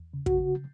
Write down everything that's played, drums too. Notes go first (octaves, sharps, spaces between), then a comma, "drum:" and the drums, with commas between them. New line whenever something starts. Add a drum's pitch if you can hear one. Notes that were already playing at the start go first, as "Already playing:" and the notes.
Already playing: E2
C#3
F#4, drum: kick
C#3